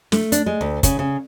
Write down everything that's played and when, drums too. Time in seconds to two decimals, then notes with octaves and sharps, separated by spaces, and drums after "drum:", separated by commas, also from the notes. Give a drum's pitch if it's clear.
0.12 A3, drum: snare
0.32 D4, drum: hi-hat
0.46 G#3
0.61 D2
0.83 C#3, drum: kick, hi-hat
0.99 C#3